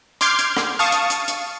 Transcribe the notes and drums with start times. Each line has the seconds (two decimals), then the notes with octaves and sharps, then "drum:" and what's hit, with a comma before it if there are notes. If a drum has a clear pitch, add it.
0.21 C6 D6 F6 G6 G#6 C7, drum: hi-hat
0.39 drum: hi-hat
0.57 drum: rim click
0.79 F5 A5 C#6 D#6
0.92 drum: hi-hat
1.10 drum: hi-hat
1.28 drum: hi-hat